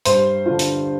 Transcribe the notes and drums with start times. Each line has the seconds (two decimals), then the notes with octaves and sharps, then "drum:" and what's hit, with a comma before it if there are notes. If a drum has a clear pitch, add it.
0.05 G2 C5 C6, drum: hi-hat
0.46 D3 G3 D4 F4
0.59 drum: hi-hat